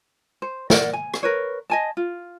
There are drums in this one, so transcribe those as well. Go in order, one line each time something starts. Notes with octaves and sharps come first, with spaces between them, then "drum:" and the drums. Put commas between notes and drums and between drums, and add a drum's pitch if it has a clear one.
C5
A#4 D5 F#5, drum: snare
G#5
drum: rim click
A#4 B4 C#5
D#5 G#5 A5
F4